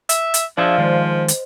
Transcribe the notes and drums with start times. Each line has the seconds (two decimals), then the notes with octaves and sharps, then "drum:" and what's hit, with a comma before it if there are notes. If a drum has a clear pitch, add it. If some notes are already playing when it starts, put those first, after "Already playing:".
0.09 E5, drum: hi-hat
0.34 drum: hi-hat
0.57 F3 D4 G#4 D5 E5 F5
0.78 D#3 G#3 C5 D#5
1.28 drum: hi-hat